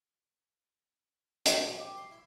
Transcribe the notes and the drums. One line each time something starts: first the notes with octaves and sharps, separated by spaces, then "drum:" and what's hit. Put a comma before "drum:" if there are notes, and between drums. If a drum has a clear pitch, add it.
B2, drum: hi-hat
A#1
G4
C6
E4